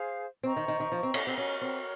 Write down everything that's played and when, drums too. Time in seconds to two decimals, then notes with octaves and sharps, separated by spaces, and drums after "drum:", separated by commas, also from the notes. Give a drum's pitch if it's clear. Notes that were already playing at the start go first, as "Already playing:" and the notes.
Already playing: G#4 C5 F5
0.43 C4 C5 D#5 A#5 C#6
0.56 D#3
0.68 D#3
0.80 D#3
0.92 F3
1.03 C4
1.14 C#4, drum: cymbal
1.27 C4
1.38 C#4 F#4 A#4 C#5
1.62 C4